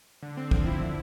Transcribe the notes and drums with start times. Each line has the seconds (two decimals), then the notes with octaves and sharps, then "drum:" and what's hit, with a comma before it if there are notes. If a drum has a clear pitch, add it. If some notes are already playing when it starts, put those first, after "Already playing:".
0.22 D3
0.37 C4
0.51 F3, drum: kick
0.66 E4
0.81 D3